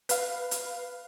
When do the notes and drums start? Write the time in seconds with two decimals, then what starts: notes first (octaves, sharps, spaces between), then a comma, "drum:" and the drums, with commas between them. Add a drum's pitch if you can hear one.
0.09 B4 F5, drum: hi-hat
0.51 drum: hi-hat